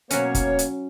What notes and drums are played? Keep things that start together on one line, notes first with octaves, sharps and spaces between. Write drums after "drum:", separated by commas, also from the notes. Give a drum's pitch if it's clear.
B2 F#3 A#3 C#4 C#5, drum: hi-hat
drum: kick, hi-hat
drum: hi-hat